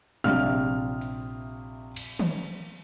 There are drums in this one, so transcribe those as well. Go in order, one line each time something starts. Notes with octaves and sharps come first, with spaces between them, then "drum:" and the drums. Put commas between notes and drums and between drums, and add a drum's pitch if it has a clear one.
A#1 C3 F5 F6, drum: tom
drum: hi-hat
drum: cymbal
drum: tom